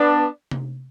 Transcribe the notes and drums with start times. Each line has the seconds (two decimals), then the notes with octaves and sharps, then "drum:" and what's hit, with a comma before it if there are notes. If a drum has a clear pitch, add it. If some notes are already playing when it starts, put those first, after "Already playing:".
Already playing: B3 D4
0.51 drum: tom C3